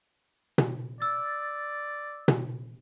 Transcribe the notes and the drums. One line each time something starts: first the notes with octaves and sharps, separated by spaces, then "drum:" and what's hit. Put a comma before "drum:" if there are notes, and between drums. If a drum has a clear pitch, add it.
drum: tom B2
D5 E6 A6
drum: tom B2